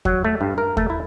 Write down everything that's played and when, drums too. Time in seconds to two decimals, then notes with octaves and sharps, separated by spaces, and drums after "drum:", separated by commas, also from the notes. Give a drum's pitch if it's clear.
0.05 F#3, drum: kick
0.25 A3
0.41 G2
0.58 A#4
0.77 A3, drum: kick
0.90 E4